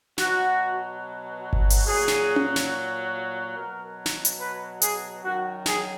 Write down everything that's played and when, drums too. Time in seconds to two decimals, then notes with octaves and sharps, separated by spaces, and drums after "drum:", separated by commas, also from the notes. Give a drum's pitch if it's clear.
0.18 B2 F#3 F#4, drum: snare
1.53 drum: kick G1
1.70 drum: open hi-hat
1.86 A#2 F#3 G#4
2.08 drum: snare
2.36 drum: tom C#4
2.56 drum: snare
3.55 B2 F#3 A#4
4.06 drum: snare
4.25 drum: hi-hat
4.39 B4
4.82 G#4, drum: hi-hat
5.24 F#2 D#3 F#3 F#4
5.66 G#4, drum: snare